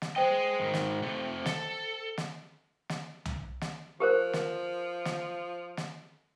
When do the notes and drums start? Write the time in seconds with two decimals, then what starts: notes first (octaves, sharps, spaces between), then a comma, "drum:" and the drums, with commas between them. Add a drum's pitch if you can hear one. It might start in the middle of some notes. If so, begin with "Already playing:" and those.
0.02 drum: snare
0.16 G#4 C5 D#5 G5
0.60 G#2 D#3
0.74 drum: snare
1.02 C3 A3
1.46 A4, drum: snare
2.18 drum: snare
2.89 drum: snare
3.25 drum: tom C2
3.61 drum: snare
4.00 F3 G4 A#4 C5
4.33 drum: snare
5.05 drum: snare
5.77 drum: snare